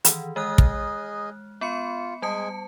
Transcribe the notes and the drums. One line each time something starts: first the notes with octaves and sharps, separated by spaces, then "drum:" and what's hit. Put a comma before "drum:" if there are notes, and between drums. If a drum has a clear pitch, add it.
D#3 E3, drum: hi-hat
G#3 G#4 D#5 F6 F#6
drum: kick
B3 F4 B5 C#7
G3 G#3 G#4 G#5 A5 C#7